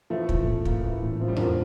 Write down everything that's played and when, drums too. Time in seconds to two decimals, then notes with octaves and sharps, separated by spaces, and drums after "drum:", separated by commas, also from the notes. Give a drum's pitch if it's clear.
0.10 E3 F3 A3
0.29 A2, drum: kick
0.48 A2
0.65 A#3, drum: kick
0.84 E3
1.02 A2
1.21 F3 C4
1.28 G3
1.36 D3 F3 A#4, drum: tom E2